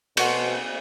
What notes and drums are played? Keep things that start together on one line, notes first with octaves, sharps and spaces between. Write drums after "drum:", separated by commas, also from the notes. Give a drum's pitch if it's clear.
B2 C#5 F#5 C6, drum: cymbal